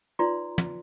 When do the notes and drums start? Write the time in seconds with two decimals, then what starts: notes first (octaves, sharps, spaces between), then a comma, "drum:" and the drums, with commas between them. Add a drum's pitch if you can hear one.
0.19 D#4 F4 B4 D5 A#5 C6
0.58 drum: tom